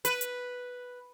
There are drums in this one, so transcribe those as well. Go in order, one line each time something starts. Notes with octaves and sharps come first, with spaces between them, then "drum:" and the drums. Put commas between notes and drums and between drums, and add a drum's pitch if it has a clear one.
B4, drum: hi-hat
drum: hi-hat